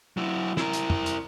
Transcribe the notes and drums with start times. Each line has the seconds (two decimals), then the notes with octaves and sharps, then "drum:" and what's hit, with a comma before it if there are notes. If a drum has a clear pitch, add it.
0.17 F#3 E4
0.57 E4 A#4, drum: snare
0.73 drum: hi-hat
0.90 drum: tom F2
1.06 drum: hi-hat